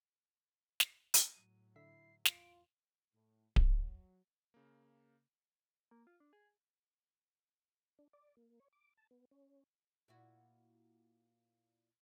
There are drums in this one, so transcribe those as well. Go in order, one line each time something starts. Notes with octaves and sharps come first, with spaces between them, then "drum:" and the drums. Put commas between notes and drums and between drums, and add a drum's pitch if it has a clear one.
drum: snare
drum: hi-hat
A2 F#3 D#7
D3 E4 E5 B6 C7
E2 F4 D7, drum: snare
A2
F#3, drum: kick D1
C#3 A#3
A#3
F4
D4
G#4
D4
D5
A#3
C#5
D6
A5
B3
C#4
A#2 E4 F#4